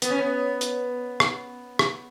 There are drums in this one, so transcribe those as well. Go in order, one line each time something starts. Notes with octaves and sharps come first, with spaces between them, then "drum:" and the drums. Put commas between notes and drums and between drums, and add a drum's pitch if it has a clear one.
B3, drum: hi-hat
C#4
B3
drum: hi-hat
drum: rim click
drum: rim click